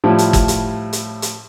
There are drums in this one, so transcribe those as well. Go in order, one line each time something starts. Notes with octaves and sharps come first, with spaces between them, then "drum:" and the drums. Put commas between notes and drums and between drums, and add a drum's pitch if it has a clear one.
A2 F3 G3 E4
drum: hi-hat
drum: kick, hi-hat
drum: hi-hat
drum: hi-hat
drum: hi-hat